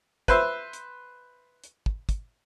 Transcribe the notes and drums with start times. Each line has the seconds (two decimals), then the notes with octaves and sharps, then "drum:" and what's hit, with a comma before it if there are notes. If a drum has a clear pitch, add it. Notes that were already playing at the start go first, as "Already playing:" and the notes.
0.28 B4 C5 E5, drum: kick, hi-hat
0.73 drum: hi-hat
1.64 drum: hi-hat
1.86 drum: kick
2.09 drum: kick, hi-hat